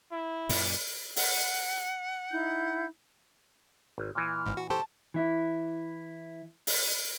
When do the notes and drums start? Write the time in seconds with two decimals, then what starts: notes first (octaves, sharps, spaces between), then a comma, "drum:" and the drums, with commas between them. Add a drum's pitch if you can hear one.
0.12 E4
0.49 F#2 A#2, drum: open hi-hat
1.16 F#5, drum: open hi-hat
2.31 D#4 E4 G6
3.98 G#1
4.15 A#2 E3 F6
4.46 G#1 G#2
4.57 F#4
4.70 G4 A4 C5 A5 C#6
5.14 E3 E4
6.67 drum: open hi-hat